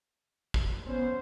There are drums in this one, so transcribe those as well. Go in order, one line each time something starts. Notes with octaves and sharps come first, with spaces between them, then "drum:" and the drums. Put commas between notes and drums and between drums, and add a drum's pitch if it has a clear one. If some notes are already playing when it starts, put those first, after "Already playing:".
drum: kick
B3 C#4 C5